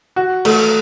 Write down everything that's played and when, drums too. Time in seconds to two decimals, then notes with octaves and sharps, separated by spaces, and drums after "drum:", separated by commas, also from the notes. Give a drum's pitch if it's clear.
0.16 F#4
0.45 A3, drum: cymbal